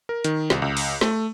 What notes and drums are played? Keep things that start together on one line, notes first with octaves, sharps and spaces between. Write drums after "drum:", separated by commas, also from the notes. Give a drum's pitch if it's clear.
A#4
D#3, drum: hi-hat
C2, drum: snare
C#2
drum: open hi-hat
A3, drum: snare